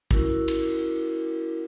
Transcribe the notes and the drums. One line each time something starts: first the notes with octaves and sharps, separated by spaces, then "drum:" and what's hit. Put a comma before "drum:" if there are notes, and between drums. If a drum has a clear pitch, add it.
C#4 E4 F#4 A#4, drum: kick
drum: cymbal